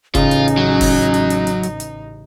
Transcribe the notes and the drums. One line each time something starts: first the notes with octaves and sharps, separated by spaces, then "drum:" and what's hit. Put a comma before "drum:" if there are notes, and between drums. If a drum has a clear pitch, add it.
A1 C#3 C#4 D#4 F4, drum: kick F1, hi-hat
drum: hi-hat
drum: hi-hat
F#3
drum: kick F1, open hi-hat
drum: hi-hat
drum: hi-hat
drum: hi-hat
drum: hi-hat
drum: hi-hat